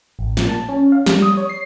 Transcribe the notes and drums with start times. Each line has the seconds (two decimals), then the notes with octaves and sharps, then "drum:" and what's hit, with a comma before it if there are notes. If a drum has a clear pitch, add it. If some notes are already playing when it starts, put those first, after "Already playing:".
0.19 A1
0.37 A#2, drum: snare
0.49 A5
0.69 C#4
0.92 F5
1.06 G3, drum: snare
1.22 D#6
1.37 C#5
1.49 C7